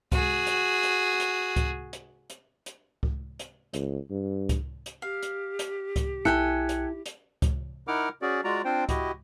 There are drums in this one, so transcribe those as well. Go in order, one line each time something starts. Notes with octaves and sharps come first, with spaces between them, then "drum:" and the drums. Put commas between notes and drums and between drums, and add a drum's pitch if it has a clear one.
F#4 G#4, drum: kick C#2, hi-hat
drum: hi-hat
drum: hi-hat
drum: hi-hat
drum: kick C#2, hi-hat
drum: hi-hat
drum: hi-hat
drum: hi-hat
drum: kick C#2
drum: hi-hat
C#2, drum: hi-hat
G2
drum: kick C#2, hi-hat
drum: hi-hat
G4 F5
drum: hi-hat
drum: hi-hat
drum: kick C#2, hi-hat
B1 E4 A4 G5 G#5 F#6 C#7
drum: hi-hat
drum: hi-hat
drum: kick C#2, hi-hat
D#4 E4 A#4 F#5 D6 F6
C#4 F#4 G#4 D5
G#3 F4 F#4 D5 A#5
C4 D4 F4 C5 G5
E4 F#4 G4 D#5, drum: kick C#2, hi-hat